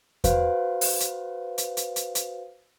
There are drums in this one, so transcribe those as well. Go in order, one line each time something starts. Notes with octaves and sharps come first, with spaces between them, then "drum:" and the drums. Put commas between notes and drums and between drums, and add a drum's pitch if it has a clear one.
F#4 B4 C5 F5, drum: kick E2, hi-hat
drum: open hi-hat
drum: hi-hat
drum: hi-hat
drum: hi-hat
drum: hi-hat
drum: hi-hat